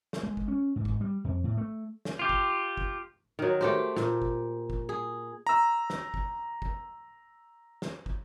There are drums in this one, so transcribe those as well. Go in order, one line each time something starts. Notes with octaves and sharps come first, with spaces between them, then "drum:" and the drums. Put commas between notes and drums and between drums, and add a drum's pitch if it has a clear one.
drum: snare
G#3
drum: kick
C#4
G#2
drum: kick
G3
F2
A2
A3
drum: snare
F4 G4
drum: kick
drum: kick
D#3 F#3
A3 G4 C5
A#2, drum: snare
drum: kick
drum: kick
G#4
A#5 E6
drum: snare
drum: kick
drum: kick
drum: snare
drum: kick